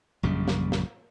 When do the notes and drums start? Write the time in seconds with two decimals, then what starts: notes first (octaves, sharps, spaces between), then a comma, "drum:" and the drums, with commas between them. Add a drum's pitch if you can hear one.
0.23 A#1 F#2 C#3 G3
0.48 drum: snare
0.72 drum: snare